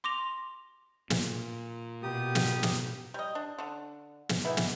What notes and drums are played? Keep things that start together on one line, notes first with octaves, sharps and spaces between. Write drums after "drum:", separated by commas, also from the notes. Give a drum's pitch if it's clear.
C6 D6 A#6 F7
A#2, drum: snare
B2 G4 D#6
drum: snare
drum: snare
G3 D#5
D4
D3 D4
drum: snare
D#3 E3 B3 E4
drum: snare